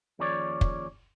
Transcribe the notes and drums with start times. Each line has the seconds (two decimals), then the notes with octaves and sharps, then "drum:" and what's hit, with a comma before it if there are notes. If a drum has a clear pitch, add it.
0.19 D#2 F3 C#4 G#4 C#5 D5
0.61 drum: kick